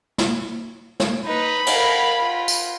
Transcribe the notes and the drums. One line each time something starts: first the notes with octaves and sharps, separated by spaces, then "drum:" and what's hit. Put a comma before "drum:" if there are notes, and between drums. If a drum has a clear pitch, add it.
drum: snare
drum: snare
D#4 B4 B5
A#4 F5, drum: cymbal
F4
drum: tambourine